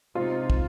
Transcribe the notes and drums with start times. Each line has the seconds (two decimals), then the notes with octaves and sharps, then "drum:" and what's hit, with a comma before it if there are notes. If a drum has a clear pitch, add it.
0.15 C3 G#3 C4 D#4 F4
0.50 drum: kick